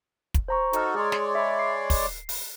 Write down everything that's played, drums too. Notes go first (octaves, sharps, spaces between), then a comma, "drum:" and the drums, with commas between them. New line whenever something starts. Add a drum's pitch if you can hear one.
drum: kick, hi-hat
C5 A#5 C#6
D#4 F#4 A4 A#5 F6, drum: hi-hat
G#3 G#4 C#5 D5 C6
drum: snare
E5 B5
C7
drum: kick, open hi-hat
drum: open hi-hat